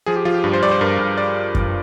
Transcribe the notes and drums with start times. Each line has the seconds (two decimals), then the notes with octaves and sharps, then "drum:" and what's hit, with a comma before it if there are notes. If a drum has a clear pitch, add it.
0.06 F3 G#4
0.16 G4
0.25 F3 F4
0.34 G4
0.44 G2
0.53 C5
0.63 G2 D5
0.71 C5
0.81 G2 A#4
0.99 G2
1.17 D5
1.55 drum: kick F#2